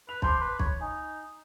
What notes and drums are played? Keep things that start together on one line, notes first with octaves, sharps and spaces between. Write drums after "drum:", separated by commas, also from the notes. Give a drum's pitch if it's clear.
B4 F7
C5 A5 C6 D6, drum: kick
B4
C#5, drum: kick
D#4 G#5